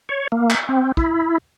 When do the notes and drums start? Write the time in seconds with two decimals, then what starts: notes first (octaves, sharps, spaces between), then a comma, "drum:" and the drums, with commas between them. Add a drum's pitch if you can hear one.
0.09 C#5
0.32 A#3
0.50 drum: clap
0.69 C4
0.97 E4, drum: kick